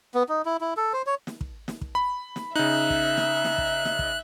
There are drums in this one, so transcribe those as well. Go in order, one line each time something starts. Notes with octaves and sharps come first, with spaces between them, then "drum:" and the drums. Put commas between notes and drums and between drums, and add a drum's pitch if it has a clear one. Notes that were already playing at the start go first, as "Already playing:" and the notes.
B3
D#4
E4
E4
A4
C5
C#5
drum: snare
drum: kick
drum: snare
drum: kick
B5
drum: snare
C#3 D#4 E5 F#6
drum: kick
drum: snare
drum: snare
drum: kick
drum: snare
drum: kick